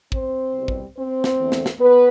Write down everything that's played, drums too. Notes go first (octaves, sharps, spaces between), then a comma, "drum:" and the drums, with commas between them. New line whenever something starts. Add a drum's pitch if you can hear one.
C4 C5, drum: kick
C2 B2 G3
drum: kick
C4 C5
drum: snare
E2 D3 A3
drum: snare
drum: snare
B3 B4